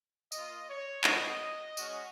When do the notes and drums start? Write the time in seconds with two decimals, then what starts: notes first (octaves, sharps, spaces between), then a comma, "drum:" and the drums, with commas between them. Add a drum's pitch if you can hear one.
0.32 A#3 F4 D#5, drum: tambourine
0.68 C#5
1.04 B3 F#4 D#5, drum: clap
1.77 G#3 C#4 F#4, drum: tambourine